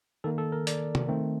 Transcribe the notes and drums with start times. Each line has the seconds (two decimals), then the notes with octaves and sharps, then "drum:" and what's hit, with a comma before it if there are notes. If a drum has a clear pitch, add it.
0.24 D#3 A#3 A4
0.38 A4
0.52 A#4
0.67 D5, drum: hi-hat
0.95 drum: tom
1.09 D#3 A3 C4